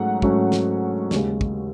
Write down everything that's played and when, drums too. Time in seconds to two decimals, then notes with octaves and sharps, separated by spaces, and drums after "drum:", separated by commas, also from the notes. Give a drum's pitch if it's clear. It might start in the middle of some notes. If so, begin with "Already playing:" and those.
Already playing: G#2 F#3 A3 C#4 F#5
0.22 G#2 F#3 A3 C#4, drum: kick
0.52 drum: snare
1.11 D#2 C#3 G#3, drum: snare
1.41 drum: kick